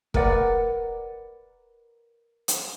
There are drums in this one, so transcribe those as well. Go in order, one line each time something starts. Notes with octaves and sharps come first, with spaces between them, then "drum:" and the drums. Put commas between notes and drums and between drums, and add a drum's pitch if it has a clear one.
A#4 B4 D5 F#5, drum: kick
drum: hi-hat